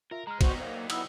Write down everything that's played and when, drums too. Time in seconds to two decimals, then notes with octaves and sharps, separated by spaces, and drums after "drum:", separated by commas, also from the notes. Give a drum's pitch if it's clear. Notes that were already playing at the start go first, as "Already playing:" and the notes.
0.11 F4 A#4 E5
0.27 G#3 A#5 F6
0.41 F#3 B3 D#4 F#4 C5, drum: kick, cymbal
0.60 A#3 C5 F5
0.90 B3 E4 D#6 E6, drum: cymbal